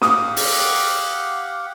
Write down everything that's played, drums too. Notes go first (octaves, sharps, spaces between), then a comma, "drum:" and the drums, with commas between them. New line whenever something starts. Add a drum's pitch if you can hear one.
G4 F5 F#5 D#6, drum: snare
drum: open hi-hat